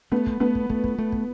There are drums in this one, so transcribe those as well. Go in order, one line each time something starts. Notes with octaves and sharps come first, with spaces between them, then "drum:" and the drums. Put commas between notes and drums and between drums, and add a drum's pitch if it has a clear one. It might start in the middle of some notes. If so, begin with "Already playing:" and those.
A3 B3
drum: kick
A3 B3
drum: kick
A3, drum: kick
drum: kick
A3
drum: kick